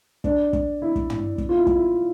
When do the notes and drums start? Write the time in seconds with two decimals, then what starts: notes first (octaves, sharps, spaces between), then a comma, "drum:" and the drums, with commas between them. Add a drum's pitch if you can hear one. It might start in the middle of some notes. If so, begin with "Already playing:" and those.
0.24 D4, drum: kick
0.53 drum: kick
0.82 E4
0.96 drum: kick
1.10 drum: tom
1.38 drum: kick
1.49 F4
1.57 E4
1.67 drum: kick
1.76 E4